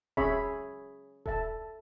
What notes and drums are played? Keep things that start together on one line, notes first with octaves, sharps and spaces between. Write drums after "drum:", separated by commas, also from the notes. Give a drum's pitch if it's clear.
C#4 G#4 C#5 E5 B5, drum: kick D#1
A4 E5 A5, drum: kick D#1